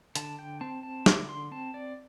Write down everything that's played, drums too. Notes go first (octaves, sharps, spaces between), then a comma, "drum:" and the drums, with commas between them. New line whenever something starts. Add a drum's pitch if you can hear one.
D3 A5, drum: hi-hat
G5
C4 A5
A5
D3 D6, drum: snare
C6
C4 A5
D5